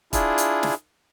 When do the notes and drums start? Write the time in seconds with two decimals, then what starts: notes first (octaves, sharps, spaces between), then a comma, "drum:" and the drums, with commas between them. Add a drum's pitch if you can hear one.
0.13 D4 E4 F4 G#4, drum: kick, hi-hat
0.38 drum: hi-hat
0.63 drum: snare